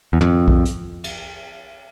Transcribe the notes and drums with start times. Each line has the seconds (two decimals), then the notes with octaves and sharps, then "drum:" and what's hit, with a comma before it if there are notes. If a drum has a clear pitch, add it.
0.13 E2
0.21 F2, drum: tom
0.48 drum: kick B1
0.65 drum: hi-hat
1.04 drum: cymbal